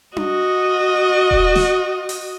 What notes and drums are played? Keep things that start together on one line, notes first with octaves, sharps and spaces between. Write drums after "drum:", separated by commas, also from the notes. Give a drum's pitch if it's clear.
F#4 D#5, drum: tom D4
drum: kick D#1
drum: snare
drum: open hi-hat